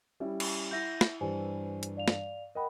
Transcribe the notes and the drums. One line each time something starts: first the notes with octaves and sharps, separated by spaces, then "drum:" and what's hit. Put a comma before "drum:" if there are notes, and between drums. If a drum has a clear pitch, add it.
G3 C#4 E4
drum: cymbal
E4 F#5 G6 A#6
drum: snare
G2 E3 G4 C5 G#5
drum: hi-hat
D5 F5 F7
drum: snare
A#4 D#5 F#5 G5 B5